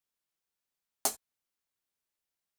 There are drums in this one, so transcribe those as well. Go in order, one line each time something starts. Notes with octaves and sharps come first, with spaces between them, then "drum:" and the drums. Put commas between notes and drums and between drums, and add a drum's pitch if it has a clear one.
drum: hi-hat
D6 G6